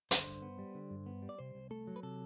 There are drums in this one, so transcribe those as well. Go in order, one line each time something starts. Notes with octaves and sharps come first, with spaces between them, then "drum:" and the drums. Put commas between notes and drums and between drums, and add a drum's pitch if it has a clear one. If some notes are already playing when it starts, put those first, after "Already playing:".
D3 C5, drum: hi-hat
G2
B3
G3
D3
G2
B3
G3
D5
C3 C5
C2
A3 A4
F#3
B4
C3 A4